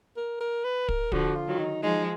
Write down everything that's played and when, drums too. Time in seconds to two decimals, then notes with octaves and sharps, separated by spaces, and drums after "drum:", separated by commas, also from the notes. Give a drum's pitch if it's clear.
0.17 A#4
0.40 A#4
0.64 B4
0.89 A#4, drum: kick
1.12 D3 F3 F#4, drum: kick
1.36 F4
1.48 D#3 F#3
1.59 D#4
1.83 F3 G#3 D#4